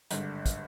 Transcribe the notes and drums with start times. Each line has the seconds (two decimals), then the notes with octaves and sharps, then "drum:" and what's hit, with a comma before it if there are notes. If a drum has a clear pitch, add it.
0.11 G#1 G2 D3, drum: hi-hat
0.46 drum: kick, hi-hat